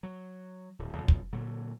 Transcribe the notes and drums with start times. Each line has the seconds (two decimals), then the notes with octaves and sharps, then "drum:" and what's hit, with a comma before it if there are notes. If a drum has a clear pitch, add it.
0.03 F#3
0.79 D1
0.98 C#2 F#2 B2
1.08 drum: kick
1.33 A#2 D3 F#3